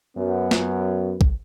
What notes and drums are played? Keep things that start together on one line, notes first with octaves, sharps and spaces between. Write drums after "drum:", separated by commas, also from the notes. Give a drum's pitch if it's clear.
F#2 B3
drum: snare
drum: kick